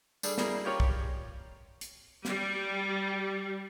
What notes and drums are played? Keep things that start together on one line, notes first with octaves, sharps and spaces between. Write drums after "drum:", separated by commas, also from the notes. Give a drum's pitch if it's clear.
G3 D4 G#4 A4, drum: tambourine
G3 A#3 E4 G#4, drum: snare
C#4 F4 G4 A#4 C#5 D5
drum: kick
drum: hi-hat
G3, drum: snare